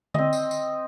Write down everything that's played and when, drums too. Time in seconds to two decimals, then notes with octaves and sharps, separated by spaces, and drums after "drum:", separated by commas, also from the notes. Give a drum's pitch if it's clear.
0.14 C4 D#5, drum: tom D3
0.33 drum: tambourine
0.51 drum: tambourine